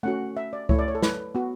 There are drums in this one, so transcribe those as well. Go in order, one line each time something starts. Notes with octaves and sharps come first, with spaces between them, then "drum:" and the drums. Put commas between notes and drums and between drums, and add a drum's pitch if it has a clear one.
A3 C#4 F#4 F#5
E5
D5
A3 E4 C#5, drum: kick C#2
D5
C#5
A4
B4, drum: snare
B3 F#4